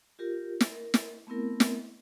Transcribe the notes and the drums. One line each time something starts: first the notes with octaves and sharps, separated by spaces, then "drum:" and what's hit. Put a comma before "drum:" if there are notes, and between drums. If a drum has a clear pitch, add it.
F4 G4 A#4
drum: snare
A#4
drum: snare
A3 B3 C4 E4 A#4
drum: snare